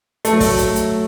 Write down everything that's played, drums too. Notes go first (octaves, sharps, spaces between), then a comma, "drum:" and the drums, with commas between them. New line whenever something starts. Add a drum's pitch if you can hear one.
A3, drum: hi-hat
F#3
A3, drum: kick, open hi-hat
drum: hi-hat
drum: hi-hat